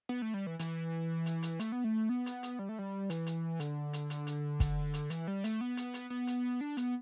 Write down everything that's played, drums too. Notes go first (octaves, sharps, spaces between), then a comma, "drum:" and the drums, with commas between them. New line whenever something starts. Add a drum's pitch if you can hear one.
B3
A3
G3
E3
E3, drum: hi-hat
drum: hi-hat
drum: hi-hat
A3, drum: hi-hat
B3
A3
B3
drum: hi-hat
drum: hi-hat
G3
A3
G3
E3, drum: hi-hat
drum: hi-hat
D3, drum: hi-hat
drum: hi-hat
drum: hi-hat
drum: hi-hat
drum: kick, hi-hat
drum: hi-hat
E3, drum: hi-hat
G3
A3, drum: hi-hat
B3
drum: hi-hat
drum: hi-hat
B3
drum: hi-hat
D4
B3, drum: hi-hat